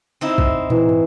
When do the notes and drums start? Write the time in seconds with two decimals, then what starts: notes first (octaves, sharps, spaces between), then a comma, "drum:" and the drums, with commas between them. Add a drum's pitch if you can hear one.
0.21 C4 D#4 E4
0.38 drum: kick
0.70 E3, drum: tom
0.89 drum: tom